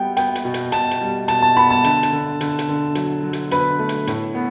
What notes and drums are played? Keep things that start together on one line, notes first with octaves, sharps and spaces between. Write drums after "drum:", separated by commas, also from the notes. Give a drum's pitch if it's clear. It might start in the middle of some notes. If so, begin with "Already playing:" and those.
Already playing: G3 B3 G5
B3 G5, drum: hi-hat
drum: hi-hat
B2
drum: hi-hat
B2 A5, drum: hi-hat
drum: hi-hat
G3
B2 A5, drum: hi-hat
A5
B3 B5
A5
D3, drum: hi-hat
drum: hi-hat
D3
D3, drum: hi-hat
drum: hi-hat
D3
F#3, drum: hi-hat
F#3
drum: hi-hat
D3 B4, drum: hi-hat
A3
drum: hi-hat
A2, drum: hi-hat
B3